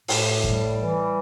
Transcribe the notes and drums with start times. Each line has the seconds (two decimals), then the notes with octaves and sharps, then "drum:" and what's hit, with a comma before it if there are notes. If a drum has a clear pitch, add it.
0.08 A2, drum: open hi-hat
0.44 G3, drum: kick
0.79 E3